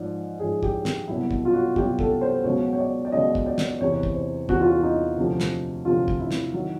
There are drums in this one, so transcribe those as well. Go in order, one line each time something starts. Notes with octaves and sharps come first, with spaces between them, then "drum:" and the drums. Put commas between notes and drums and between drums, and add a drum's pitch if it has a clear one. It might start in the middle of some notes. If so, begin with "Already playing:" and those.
Already playing: G#2 F3 D5
G#2 F3 G#4
G4, drum: kick
drum: snare
C2 B2 F#3 E4
drum: kick
F4
F#4
C2 B2 F#3 G4, drum: kick
A4, drum: kick
C5
C#2 B2 F#3 C#5
C#5
D5
D5
C#2 B2 F#3 D#5
drum: kick
D5
drum: snare
E2 C3 E3 C#5
drum: kick
C5
E2 C3 E3 F#4, drum: kick
F4
F#4
D#4
D2 C3 F3
drum: snare
D2 C3 F3 F4
drum: kick
E4
drum: snare
D#3 F#3